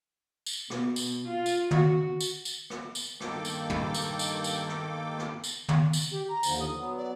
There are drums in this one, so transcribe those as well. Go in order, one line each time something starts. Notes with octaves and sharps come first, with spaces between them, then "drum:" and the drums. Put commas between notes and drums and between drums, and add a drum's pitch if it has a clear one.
drum: tambourine
B2, drum: rim click
drum: tambourine
F4
drum: tambourine
F#4, drum: tom
drum: tambourine
drum: tambourine
drum: rim click
drum: tambourine
G2 D#3 A#3 A4 G5 D6, drum: rim click
drum: tambourine
drum: tom
drum: tambourine
drum: tambourine
drum: tambourine
drum: rim click
drum: rim click
drum: tambourine
drum: tom
drum: tambourine
G4
A#5
D#2 D3 F3, drum: tambourine
D#6
F#3 B3
D5